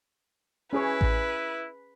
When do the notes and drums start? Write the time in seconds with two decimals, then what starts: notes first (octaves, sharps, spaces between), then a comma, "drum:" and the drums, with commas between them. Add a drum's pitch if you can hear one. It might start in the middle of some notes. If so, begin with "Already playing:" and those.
0.73 C#4 E4 G#4 B4 C#5
1.01 drum: kick A1